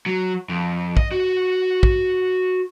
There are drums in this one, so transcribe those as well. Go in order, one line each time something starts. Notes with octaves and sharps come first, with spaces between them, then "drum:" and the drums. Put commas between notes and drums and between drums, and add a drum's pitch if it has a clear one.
F#3
F2
D#5, drum: kick
F#4
drum: kick